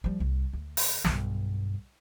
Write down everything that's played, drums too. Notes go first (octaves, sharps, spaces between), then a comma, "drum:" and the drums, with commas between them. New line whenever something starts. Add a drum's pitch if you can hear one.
F3 G3
C2
D2
drum: open hi-hat
B1 G2, drum: snare